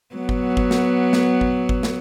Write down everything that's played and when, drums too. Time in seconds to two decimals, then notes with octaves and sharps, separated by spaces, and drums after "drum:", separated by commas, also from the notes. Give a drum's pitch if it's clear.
0.15 F#3 B3
0.29 drum: kick G1
0.57 drum: kick G1
0.71 drum: snare
1.13 drum: snare
1.41 drum: kick G1
1.69 drum: kick G1
1.83 drum: snare